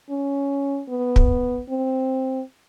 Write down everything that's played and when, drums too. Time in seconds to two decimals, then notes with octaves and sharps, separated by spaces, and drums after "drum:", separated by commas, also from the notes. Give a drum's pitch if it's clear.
0.10 C#4
0.89 B3
1.16 drum: kick
1.69 C4